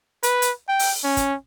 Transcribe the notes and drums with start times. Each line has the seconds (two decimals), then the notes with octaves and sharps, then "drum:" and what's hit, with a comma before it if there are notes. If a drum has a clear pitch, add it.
0.23 B4, drum: hi-hat
0.42 drum: hi-hat
0.69 G5
0.79 drum: open hi-hat
1.04 C#4
1.17 drum: kick, hi-hat